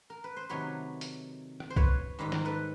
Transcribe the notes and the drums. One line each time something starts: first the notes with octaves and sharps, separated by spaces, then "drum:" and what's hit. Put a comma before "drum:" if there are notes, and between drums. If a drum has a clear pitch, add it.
A#4
B4
C5
C3 D#3 F#3 A3 B4 C#5
drum: hi-hat
drum: rim click
C5
B4 C#5, drum: kick C2
G#2 D#3 G3 B4
A#4, drum: snare
A4 B4